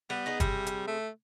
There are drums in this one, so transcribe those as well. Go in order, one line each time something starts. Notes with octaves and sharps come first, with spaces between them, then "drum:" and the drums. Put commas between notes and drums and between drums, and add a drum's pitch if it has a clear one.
G3 B3
D#4 G#4 D5
C3 G3 G#4, drum: kick, hi-hat
drum: hi-hat
A3